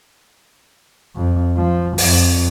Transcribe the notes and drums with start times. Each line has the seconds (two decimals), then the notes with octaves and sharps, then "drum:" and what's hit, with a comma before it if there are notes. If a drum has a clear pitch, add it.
1.16 F2
1.55 F3
1.98 F2, drum: open hi-hat